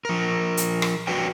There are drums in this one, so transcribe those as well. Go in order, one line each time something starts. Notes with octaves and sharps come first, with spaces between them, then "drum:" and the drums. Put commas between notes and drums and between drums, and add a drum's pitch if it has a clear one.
F3 A#4
drum: hi-hat
drum: rim click
F#4 B4 C#5 D5 G5